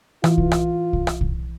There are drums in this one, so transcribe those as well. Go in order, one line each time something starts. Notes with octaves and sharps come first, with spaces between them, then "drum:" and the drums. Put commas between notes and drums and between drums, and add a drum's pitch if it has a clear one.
E3 F4, drum: rim click
drum: kick B1
drum: rim click
drum: kick B1
drum: rim click
drum: kick B1